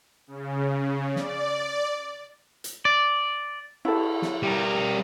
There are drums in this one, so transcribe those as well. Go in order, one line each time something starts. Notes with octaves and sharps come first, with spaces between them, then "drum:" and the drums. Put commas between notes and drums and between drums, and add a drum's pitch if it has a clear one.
C#3
D5, drum: snare
drum: hi-hat
D5
E4 A4, drum: cymbal
drum: snare
G3 A#4